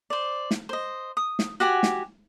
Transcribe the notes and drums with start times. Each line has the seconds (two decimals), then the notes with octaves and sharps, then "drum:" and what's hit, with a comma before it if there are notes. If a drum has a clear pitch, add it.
0.10 C5 D5
0.51 drum: snare
0.69 C5 D#5
1.17 D#6
1.39 drum: snare
1.60 F#4 G4 F#5 G#5
1.83 drum: snare